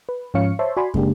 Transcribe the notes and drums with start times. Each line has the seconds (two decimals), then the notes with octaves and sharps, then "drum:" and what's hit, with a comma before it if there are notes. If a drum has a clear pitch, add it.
0.09 B4
0.34 G#2 F3 C#4 C#5 F5 C#7
0.59 C5 C#5 E5 A5 C6
0.77 F#4 D5 G#5 B5 C6
0.94 C#3 G#3 A#3 D4 G4, drum: kick